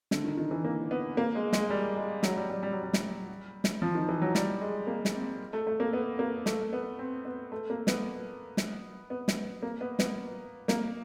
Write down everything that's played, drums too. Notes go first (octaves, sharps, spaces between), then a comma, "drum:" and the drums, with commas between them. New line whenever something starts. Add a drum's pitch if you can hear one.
D3, drum: snare
D#3
D#3
E3
A#3
B3
A#3
G#3
G#3, drum: snare
G3
G#3
F#3, drum: snare
G3
G3
G3
F#3
G3
drum: snare
drum: snare
F3
D#3
E3
F#3
G3, drum: snare
G#3
A#3
drum: snare
C4
A3
A3
A#3
B3
A#3
A3, drum: snare
B3
C4
B3
A3
A#3
B3, drum: snare
drum: snare
B3
drum: snare
A#3
B3
B3, drum: snare
A#3, drum: snare